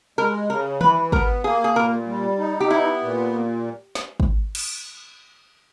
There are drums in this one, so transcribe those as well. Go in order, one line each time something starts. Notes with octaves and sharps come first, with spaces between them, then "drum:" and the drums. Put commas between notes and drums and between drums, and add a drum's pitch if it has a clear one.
G#3 A#4
C#3 A#4
E3 B4, drum: tom D#3
B3 A#4, drum: kick
A#3 G#4
G#4
A#2 A#4
G3
D#4
G4
B3 E4
A#2
drum: snare
drum: kick
drum: cymbal